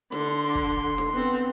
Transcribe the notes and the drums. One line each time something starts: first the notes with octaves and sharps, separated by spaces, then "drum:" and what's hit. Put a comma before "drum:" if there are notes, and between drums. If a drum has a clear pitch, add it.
D3 C6, drum: snare D#4
drum: kick
drum: snare D#4
B3 C4